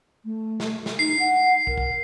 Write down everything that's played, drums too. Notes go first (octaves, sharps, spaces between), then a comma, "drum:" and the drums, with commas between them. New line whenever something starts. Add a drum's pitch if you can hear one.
A3
drum: snare
drum: snare
D#4 C7
F#5
A#4, drum: kick
drum: kick